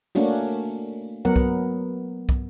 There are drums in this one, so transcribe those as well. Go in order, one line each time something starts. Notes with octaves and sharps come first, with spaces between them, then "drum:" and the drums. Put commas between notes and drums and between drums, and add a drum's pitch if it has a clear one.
A3 A#3 C#4 D4 F#4, drum: open hi-hat
F#3 B3 A#4 F#5
drum: kick
drum: kick